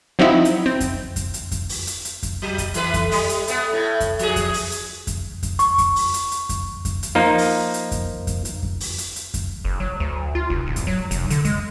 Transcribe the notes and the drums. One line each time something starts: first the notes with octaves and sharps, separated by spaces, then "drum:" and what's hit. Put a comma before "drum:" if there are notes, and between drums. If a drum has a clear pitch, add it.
F3 F#3 C4 D#4 E4
drum: hi-hat
C4
drum: kick F2, hi-hat
drum: kick F2, hi-hat
drum: hi-hat
drum: kick F2, hi-hat
drum: open hi-hat
drum: hi-hat
drum: hi-hat
drum: kick F2, hi-hat
F#3
drum: kick F2, hi-hat
E3 A3 B4, drum: hi-hat
drum: kick F2, hi-hat
G3, drum: open hi-hat
drum: hi-hat
A3 B3, drum: hi-hat
A2
drum: kick F2, hi-hat
F3 G#4, drum: hi-hat
drum: kick F2, hi-hat
drum: open hi-hat
drum: hi-hat
drum: kick F2, hi-hat
drum: kick F2, hi-hat
C#6, drum: hi-hat
drum: kick F2, hi-hat
drum: open hi-hat
drum: hi-hat
drum: hi-hat
drum: kick F2, hi-hat
drum: kick F2, hi-hat
drum: hi-hat
F3 A#3 D#4
drum: open hi-hat
drum: hi-hat
drum: kick F2, hi-hat
drum: kick F2, hi-hat
drum: hi-hat
drum: kick F2
drum: open hi-hat
drum: hi-hat
drum: hi-hat
drum: kick F2, hi-hat
F#1
F#3
D2
F4
F1
D1
drum: kick F2, hi-hat
F#3
F1, drum: kick F2, hi-hat
D3, drum: hi-hat
G#3, drum: kick F2, hi-hat